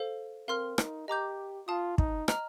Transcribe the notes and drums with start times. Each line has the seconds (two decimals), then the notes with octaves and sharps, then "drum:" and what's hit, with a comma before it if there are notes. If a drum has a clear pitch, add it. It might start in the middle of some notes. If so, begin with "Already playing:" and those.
Already playing: A4 C5 F5
0.48 C4 A#4 F5 C6 F6
0.78 D#4, drum: rim click
1.08 G4 D#5 A#5 D6 G6
1.67 F4 F5 A5 D#6
1.98 D#4, drum: kick
2.28 D#5 A#5 F6, drum: rim click